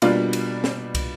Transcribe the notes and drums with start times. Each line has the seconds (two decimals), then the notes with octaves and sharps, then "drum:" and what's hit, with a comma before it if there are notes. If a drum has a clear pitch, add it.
0.02 B2 G3 A#3 D4 F4, drum: cymbal
0.33 drum: cymbal
0.64 drum: snare
0.95 drum: kick, cymbal